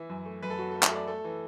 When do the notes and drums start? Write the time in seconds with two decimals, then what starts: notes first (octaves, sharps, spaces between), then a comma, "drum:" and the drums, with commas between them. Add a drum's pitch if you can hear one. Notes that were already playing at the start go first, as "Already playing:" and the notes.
Already playing: E3 E4
0.09 F#2
0.26 A3
0.42 F#2 B4
0.50 A4
0.59 F#3 F#4
0.71 A3 A4
0.83 E5, drum: clap
0.92 A3 D5
1.08 A3 A4
1.24 E3